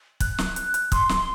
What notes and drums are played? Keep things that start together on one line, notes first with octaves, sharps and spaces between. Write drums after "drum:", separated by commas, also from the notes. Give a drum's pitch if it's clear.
F#6, drum: kick, hi-hat
drum: snare
drum: hi-hat
drum: hi-hat
C6, drum: kick, hi-hat
drum: snare